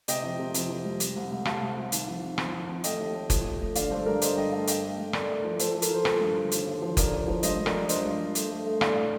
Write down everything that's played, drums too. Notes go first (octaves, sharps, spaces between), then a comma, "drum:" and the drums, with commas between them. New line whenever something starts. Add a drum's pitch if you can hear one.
C3 D#5 G5, drum: hi-hat
F2
C3
F2, drum: hi-hat
F2
G3
C3, drum: hi-hat
C2
C2
C2 F5 A5, drum: rim click
C2
C2
D#3, drum: hi-hat
F2
D#3
F2, drum: rim click
F2
F2
A3 D#5 G5, drum: hi-hat
D#2
A3
F3, drum: kick F#1, hi-hat
D#2
A3
D3 D5 F5, drum: hi-hat
G2 A4 C5
G2 A#4 D5
G2 C5 D#5, drum: hi-hat
G2 D#5 G5
A3 F5 A5
G2 D#5 G5, drum: hi-hat
A3
G2
A3 A#4 D5, drum: rim click
A3
F3
F3 A4 C5, drum: hi-hat
A4
F3
A#4, drum: hi-hat
F3 A4 C5
F3, drum: rim click
G2
D3
D#2, drum: hi-hat
D#2
F3
D#2 A#4 D5, drum: kick F#1, hi-hat
D#2
F3
G2 C5 D#5, drum: hi-hat
G2
A#4 D5, drum: rim click
G2
G2 C5 D#5, drum: hi-hat
G2
G2
A3, drum: hi-hat
A3
A3
A2 D5 F5, drum: rim click
A2